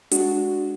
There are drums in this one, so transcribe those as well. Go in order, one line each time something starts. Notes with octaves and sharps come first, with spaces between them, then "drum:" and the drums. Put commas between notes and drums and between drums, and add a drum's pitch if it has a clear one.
G#3 D4 F#4, drum: hi-hat